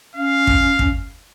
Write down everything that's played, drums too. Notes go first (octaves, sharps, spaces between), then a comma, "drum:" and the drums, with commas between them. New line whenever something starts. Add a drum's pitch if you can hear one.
C#4 F5
drum: kick
drum: kick